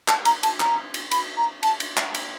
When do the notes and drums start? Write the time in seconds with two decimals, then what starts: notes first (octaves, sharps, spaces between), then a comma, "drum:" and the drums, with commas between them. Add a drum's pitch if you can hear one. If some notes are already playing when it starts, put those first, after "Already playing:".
0.08 A5, drum: clap
0.25 A#5, drum: cymbal
0.43 A5, drum: cymbal
0.60 A#5, drum: clap
0.94 drum: cymbal
1.11 B5, drum: cymbal
1.37 A#5
1.63 A5, drum: cymbal
1.80 drum: cymbal
1.97 drum: clap
2.14 drum: cymbal